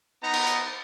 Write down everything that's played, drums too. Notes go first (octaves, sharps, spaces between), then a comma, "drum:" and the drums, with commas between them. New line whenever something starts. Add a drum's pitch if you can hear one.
B3 D#4 A#5
drum: cymbal
drum: hi-hat